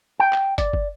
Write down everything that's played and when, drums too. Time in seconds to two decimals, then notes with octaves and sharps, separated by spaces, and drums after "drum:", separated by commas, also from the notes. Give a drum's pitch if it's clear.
0.20 G5
0.33 drum: clap
0.58 D5, drum: kick, hi-hat
0.73 drum: kick